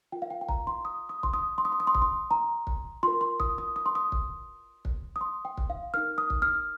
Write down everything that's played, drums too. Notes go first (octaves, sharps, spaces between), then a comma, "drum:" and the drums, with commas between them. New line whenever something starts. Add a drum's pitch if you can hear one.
F4 A#4 G5
F5
G5
G5
A#5, drum: kick
C6
D#6
D#6
C6, drum: kick
D#6
C6
D#6
C6
D#6
C6
D#6, drum: kick
C6
A#5
drum: kick
F4 A#4 C6
C6
D#6, drum: kick
D#6
D#6
C6
D#6
drum: kick
drum: kick
D#6
C6
G5
drum: kick
F5
D#4 A#4 F6
D#6
drum: kick
F6